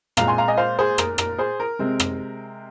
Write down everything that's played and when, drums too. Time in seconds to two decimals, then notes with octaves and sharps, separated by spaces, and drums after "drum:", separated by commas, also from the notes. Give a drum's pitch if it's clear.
0.17 A#2 G#3 C4 F5 A#5, drum: rim click
0.27 G#5 C6
0.38 F5 A#5
0.48 D#5 G#5
0.57 C5 F5
0.79 G#4 C5
0.98 A#4, drum: rim click
1.18 A#4, drum: rim click
1.38 G#4 C5
1.60 A#4
1.79 C3 G#3 C4
2.00 drum: rim click